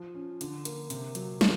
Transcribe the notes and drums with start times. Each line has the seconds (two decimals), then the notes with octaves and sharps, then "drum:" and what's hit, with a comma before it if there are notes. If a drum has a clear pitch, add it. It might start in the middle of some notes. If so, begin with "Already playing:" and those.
Already playing: F3
0.15 C#4
0.41 D3, drum: hi-hat
0.65 A#3, drum: hi-hat
0.90 C3, drum: hi-hat
1.15 F#3, drum: hi-hat
1.41 D#3, drum: snare